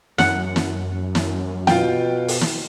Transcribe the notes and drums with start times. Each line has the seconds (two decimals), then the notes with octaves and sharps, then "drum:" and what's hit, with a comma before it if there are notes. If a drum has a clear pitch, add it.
0.18 F#2 F#5, drum: snare
0.56 drum: snare
1.15 drum: snare
1.67 B2 F4 G5, drum: snare
2.28 drum: open hi-hat
2.41 drum: snare